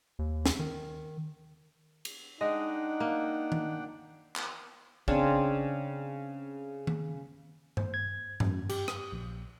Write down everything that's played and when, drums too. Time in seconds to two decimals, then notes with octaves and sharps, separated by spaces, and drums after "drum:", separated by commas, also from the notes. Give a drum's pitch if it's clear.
0.19 D#2
0.46 drum: snare
0.59 D#3
2.05 drum: cymbal
2.41 G#3 D4 D#4 D#5 F#5 G5
3.00 A#3
3.52 drum: tom D#3
4.36 drum: clap
5.08 C#3 C4 D4, drum: kick
6.87 drum: tom D#3
7.77 C5, drum: tom G2
7.94 G#6
8.40 F#2, drum: tom G2
8.69 G4, drum: cymbal
8.88 D#6, drum: rim click
9.12 A#1